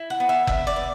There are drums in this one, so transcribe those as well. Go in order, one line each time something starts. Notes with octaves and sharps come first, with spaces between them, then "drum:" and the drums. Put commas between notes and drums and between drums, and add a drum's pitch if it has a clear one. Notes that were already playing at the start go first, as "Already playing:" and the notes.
Already playing: E4
F#5
B3
E5
D4 E5, drum: kick F#1
D5
B3